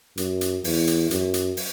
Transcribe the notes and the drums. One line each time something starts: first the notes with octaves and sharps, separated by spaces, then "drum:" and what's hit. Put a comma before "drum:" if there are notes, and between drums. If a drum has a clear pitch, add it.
F#2, drum: hi-hat
drum: hi-hat
E2, drum: open hi-hat
drum: hi-hat
F#2, drum: hi-hat
drum: hi-hat
drum: open hi-hat